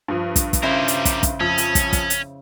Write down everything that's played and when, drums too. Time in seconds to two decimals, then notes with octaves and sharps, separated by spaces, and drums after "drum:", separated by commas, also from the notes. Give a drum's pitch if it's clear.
0.08 G2 F3
0.36 drum: kick, hi-hat
0.53 drum: kick, hi-hat
0.63 C#3 G3 E4 A#4 C5
0.88 drum: hi-hat
1.05 drum: kick, hi-hat
1.23 drum: kick, hi-hat
1.40 F2 C#4
1.58 drum: hi-hat
1.75 drum: kick, hi-hat
1.93 drum: kick, hi-hat
2.10 drum: hi-hat